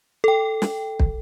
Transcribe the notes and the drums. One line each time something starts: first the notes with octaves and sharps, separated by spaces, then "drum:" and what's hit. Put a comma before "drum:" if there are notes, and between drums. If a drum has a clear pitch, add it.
A4 G5
drum: snare
drum: kick